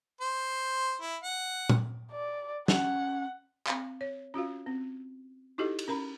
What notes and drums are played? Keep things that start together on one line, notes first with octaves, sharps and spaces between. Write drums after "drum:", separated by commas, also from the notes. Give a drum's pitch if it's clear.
C5
E4
F#5
drum: tom A#2
D5
C#4 F#5, drum: snare
C4 F5, drum: clap
C#5
C#4 F4 F#4 F5
C4
D#4 E4 F#4 G4 A4 D#5
drum: cymbal
C#4 A#4 A#5 B5